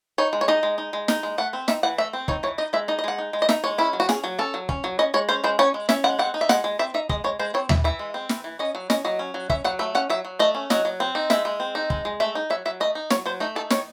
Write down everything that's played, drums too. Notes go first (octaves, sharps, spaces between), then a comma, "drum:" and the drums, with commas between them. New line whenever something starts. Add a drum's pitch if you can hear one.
D#4 C#5
G#3
C#5
D#4 D#5
G#3
D#4
G#3
D#4, drum: snare
G#3
A3 F#5
C4
D#4 E5, drum: snare
E3 F#5
A3 E5
C4
D#4 C#5, drum: kick
E3 C#5
D#4 D#5
G#3 E5
D#4 D#5
D#5
G#3 F#5
D#4
G#3
D#5
D#4 E5, drum: snare
G#3 C#5
C#4 E4
F#3
F#4
C#4 G#4, drum: snare
F#3
C#4 A4
F#3
C#4, drum: kick
F#3
C#4 D#5
G#3 C#5
C#4 C5
G#3 C5
C#4 C#5
G#3
C#4 E5, drum: snare
G#3 F#5
C4 F#5
D#4
E5
G#3 F#5, drum: snare
G#3
C4 E5
D#4 E5
G#3 D#5, drum: kick
G#3 C#5
G#3 C5
C4 C#5
E3 E5, drum: tom D#2
E3 E5
G#3
C4
E3, drum: snare
E3
C#4 D#5
F#3
C#4 D#5, drum: snare
F#3 D#5
C#4
F#3
C#4 E5, drum: kick
F#3 F#5
A3 E5
C#4 F#5
F#3 E5
F#3
A3 D#5
C#4
F#3 D#5, drum: snare
F#3
C4
D#4
G#3 E5, drum: snare
G#3
C4
D#4
G#3, drum: kick
G#3
A3 E5
D#4
F#3 E5
F#3 E5
A3 D#5
D#4
F#3 C#5, drum: snare
F#3 C5
A3 D#4
D#4 A4
D#3 C#5, drum: snare